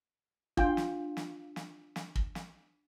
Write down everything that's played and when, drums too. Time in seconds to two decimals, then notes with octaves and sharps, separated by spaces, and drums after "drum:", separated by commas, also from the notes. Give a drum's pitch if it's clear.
0.57 D4 F4 G5, drum: kick
0.77 drum: snare
1.17 drum: snare
1.56 drum: snare
1.96 drum: snare
2.15 drum: kick
2.35 drum: snare